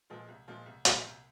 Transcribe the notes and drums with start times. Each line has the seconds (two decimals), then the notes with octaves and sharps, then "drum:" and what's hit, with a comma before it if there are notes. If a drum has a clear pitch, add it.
0.10 A#2 F3 G#3 F4
0.28 C2
0.48 A#2 F3 G#3 F4
0.66 C2
0.85 A#2 F3 G#3 F4, drum: hi-hat
1.04 C2